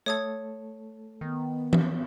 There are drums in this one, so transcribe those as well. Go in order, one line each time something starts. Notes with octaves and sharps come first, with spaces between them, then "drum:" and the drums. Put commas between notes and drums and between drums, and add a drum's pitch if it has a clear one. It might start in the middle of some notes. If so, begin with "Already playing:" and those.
A3 A4 C#5 D#6 G#6
D#3 B3
drum: tom E3